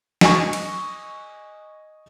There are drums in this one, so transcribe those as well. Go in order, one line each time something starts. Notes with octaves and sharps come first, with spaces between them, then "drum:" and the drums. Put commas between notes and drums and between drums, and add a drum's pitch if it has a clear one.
D#5 G#5 C#6, drum: snare
drum: cymbal